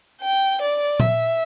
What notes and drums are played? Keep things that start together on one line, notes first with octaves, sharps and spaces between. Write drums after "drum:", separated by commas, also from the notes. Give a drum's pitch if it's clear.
G5
D5
E5, drum: tom A#2